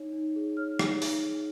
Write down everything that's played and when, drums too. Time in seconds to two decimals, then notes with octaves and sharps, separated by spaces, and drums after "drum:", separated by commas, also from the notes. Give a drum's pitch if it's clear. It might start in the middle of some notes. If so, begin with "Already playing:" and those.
Already playing: D#4 C#5
0.13 D#4
0.36 G#4
0.57 C#5 F6
0.79 D#4, drum: rim click
1.02 D#4, drum: open hi-hat
1.23 G#4